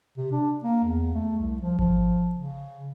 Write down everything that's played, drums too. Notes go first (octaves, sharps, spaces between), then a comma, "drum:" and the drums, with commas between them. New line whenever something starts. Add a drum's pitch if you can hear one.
C3
D4
A#3
E2
A3
C2
F3
F3, drum: kick G#1
C#3